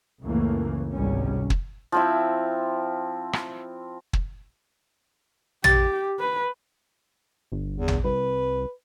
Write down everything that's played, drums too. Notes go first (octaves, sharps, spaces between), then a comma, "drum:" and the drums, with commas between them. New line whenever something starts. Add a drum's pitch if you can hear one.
C#2 F#2 C#3 E3 A3 A#3
G#1 C#2 C3 G3 C#4
drum: kick
F3 C4 E4
drum: rim click
drum: kick
G4 A6, drum: tom
B4
G1
E2
drum: tom
C2 B4